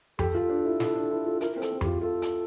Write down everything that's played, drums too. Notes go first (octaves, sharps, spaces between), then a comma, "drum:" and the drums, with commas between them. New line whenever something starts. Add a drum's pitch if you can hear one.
G4 A4, drum: tom F2
F4
D4
E4
E4, drum: snare
D4
E4
F4
E4 A#4, drum: hi-hat
C4 A#4
A4, drum: hi-hat
C4
G4, drum: tom F2
F4
F4 A4
drum: hi-hat